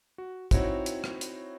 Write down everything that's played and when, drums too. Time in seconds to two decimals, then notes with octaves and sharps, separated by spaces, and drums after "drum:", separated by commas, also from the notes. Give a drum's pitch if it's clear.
0.18 F#4
0.51 C4 D#4 E4 F#4 C#5, drum: kick, hi-hat
0.86 drum: hi-hat
1.04 drum: rim click
1.21 drum: hi-hat